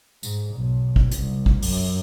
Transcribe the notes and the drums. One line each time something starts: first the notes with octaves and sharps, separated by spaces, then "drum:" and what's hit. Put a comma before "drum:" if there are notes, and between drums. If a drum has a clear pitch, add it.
G#2, drum: tambourine
B1
drum: kick
C2, drum: hi-hat
drum: kick
F#2, drum: open hi-hat